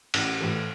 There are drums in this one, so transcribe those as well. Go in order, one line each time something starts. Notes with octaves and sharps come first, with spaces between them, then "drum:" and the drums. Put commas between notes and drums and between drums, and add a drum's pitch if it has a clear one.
A1, drum: cymbal
A2 E3 A3